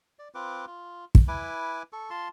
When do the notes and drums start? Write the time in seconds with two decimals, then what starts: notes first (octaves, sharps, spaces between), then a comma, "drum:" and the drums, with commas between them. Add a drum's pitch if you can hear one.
0.19 D5
0.35 C4 F4 B4 D6
0.67 F4
1.15 drum: kick
1.28 E4 B4 G#5 D6
1.93 A4 C#6
2.10 F4 A5 C6